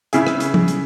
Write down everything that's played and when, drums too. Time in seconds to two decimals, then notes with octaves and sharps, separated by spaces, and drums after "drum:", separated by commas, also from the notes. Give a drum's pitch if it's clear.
0.13 C#3 E4 G#4, drum: hi-hat
0.27 drum: rim click
0.40 drum: hi-hat
0.54 drum: tom F3
0.68 drum: hi-hat